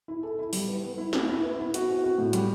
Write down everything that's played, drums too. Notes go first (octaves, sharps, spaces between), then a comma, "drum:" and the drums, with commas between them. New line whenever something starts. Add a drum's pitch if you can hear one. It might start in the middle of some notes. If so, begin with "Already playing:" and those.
E4
A4
E4
G3, drum: open hi-hat
B3
B3
E4
E4, drum: snare A3
E4
B3
E4
F#4, drum: hi-hat
C4
F#4
A2
G3, drum: hi-hat